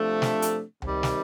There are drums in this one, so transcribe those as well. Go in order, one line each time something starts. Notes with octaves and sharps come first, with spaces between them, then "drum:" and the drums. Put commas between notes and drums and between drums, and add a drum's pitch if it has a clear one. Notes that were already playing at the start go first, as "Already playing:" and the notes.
Already playing: C3 F3 A3 D4
drum: snare
drum: hi-hat
C3 D#3 G3, drum: tom C#2
drum: snare